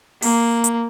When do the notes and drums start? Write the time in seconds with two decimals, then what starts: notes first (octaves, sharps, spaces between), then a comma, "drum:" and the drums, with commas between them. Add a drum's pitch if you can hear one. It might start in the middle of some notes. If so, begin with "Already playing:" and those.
0.22 A#3, drum: open hi-hat
0.64 drum: hi-hat